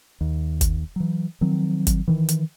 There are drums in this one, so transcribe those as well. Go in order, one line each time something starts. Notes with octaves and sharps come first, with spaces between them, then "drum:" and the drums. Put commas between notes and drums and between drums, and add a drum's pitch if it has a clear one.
D#2
drum: kick G1, hi-hat
E3 F#3
D#3 F3 F#3 C4
drum: kick G1, hi-hat
D#3 E3
drum: hi-hat